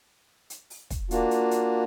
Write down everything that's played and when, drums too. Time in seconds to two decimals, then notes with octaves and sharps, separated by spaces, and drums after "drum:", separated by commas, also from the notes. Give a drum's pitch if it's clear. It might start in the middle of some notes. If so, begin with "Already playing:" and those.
0.50 drum: hi-hat
0.70 drum: open hi-hat
0.90 drum: kick, hi-hat
1.11 A#3 D4 F4 F#4, drum: hi-hat
1.31 drum: hi-hat
1.51 drum: hi-hat